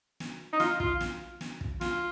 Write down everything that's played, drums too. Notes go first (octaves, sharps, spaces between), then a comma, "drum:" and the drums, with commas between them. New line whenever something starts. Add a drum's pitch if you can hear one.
drum: snare
D#4
F4, drum: snare
F4, drum: kick
drum: snare
drum: snare
drum: kick
F4, drum: snare